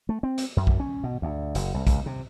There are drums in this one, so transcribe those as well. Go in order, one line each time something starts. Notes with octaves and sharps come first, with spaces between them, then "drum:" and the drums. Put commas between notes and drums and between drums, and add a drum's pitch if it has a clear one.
A3
C4
drum: hi-hat
F#2
drum: kick B1
C#4
B2
D2
F#1, drum: hi-hat
C2
C#2, drum: kick B1, hi-hat
C3